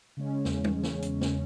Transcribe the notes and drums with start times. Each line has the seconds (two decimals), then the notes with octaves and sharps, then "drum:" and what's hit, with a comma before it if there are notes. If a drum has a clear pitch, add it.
0.17 C#3 G#3 C#4
0.45 E2, drum: snare
0.64 drum: tom G3
0.83 drum: snare
1.02 drum: hi-hat
1.21 drum: snare